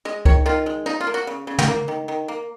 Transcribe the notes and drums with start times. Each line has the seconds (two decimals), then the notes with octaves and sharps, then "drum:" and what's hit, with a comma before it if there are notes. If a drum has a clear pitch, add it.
0.05 G#3 D#5
0.25 D#3 C#5, drum: kick C#2
0.46 D#3 F4
0.66 G#3
0.86 F3 D#4
1.01 F4
1.07 A#3
1.14 F#4
1.27 C#3
1.47 C#3
1.58 drum: tom
1.68 A#3
1.88 D#3
2.08 D#3
2.28 A#3